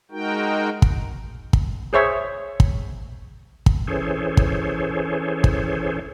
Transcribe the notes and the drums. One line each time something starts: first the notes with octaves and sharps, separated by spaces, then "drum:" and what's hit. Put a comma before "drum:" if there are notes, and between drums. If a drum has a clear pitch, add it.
G#3 D#4 F#4 A#4 G5
drum: kick
drum: kick
G#4 C5 C#5 E5
drum: kick
drum: kick
E3 C#4 G#4 A4 C5 C#5
drum: kick
drum: kick